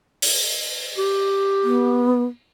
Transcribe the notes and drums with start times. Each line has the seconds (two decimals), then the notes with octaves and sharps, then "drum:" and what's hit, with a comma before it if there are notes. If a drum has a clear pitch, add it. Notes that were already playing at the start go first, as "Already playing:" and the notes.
0.22 drum: open hi-hat
0.98 G4
1.64 B3